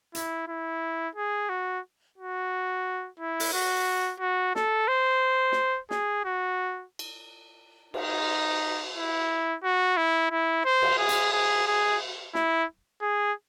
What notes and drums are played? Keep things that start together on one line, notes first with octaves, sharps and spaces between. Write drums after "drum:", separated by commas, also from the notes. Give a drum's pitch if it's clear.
E4, drum: hi-hat
E4
G#4
F#4
F#4
E4
drum: open hi-hat
F#4
F#4
A4, drum: snare
C5
drum: snare
G#4, drum: snare
F#4
drum: cymbal
D#4, drum: cymbal
E4
F#4
E4
E4
C5
drum: cymbal
G#4
drum: hi-hat
G#4
G#4
E4, drum: snare
G#4